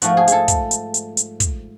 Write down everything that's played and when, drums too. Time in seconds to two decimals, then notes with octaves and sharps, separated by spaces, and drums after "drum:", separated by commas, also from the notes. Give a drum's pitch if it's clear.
0.02 G#2 F3 A3 F#4, drum: hi-hat
0.17 G#4
0.28 G#4 A4, drum: hi-hat
0.48 drum: kick, hi-hat
0.71 drum: hi-hat
0.94 drum: hi-hat
1.17 drum: hi-hat
1.40 drum: kick, hi-hat